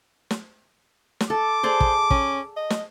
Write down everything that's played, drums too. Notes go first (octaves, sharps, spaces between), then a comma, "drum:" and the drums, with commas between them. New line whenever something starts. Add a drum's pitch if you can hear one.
drum: snare
drum: snare
A4 D6
G#4 A4 C5 D5
drum: kick
C#4, drum: kick
D#5
drum: snare